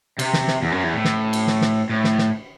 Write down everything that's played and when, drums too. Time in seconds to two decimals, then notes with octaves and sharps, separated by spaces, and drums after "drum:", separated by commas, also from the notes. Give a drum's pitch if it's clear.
0.19 C3, drum: cymbal
0.33 drum: snare
0.48 drum: snare
0.62 E2
0.72 F#2
0.83 E2
0.94 A2
1.05 drum: snare
1.33 drum: cymbal
1.47 drum: snare
1.61 drum: snare
1.90 A2
2.04 drum: snare
2.18 drum: snare